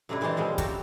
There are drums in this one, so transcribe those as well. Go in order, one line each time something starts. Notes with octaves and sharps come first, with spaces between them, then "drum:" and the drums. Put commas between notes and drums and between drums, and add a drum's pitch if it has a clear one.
F#2 C3 A3 D4 E4
A#2 E3 G#3 C5 A5 A#5
C#3 F3 G3 G#3 C4
F#4 G4 A4 A#4 E5 F5, drum: kick, hi-hat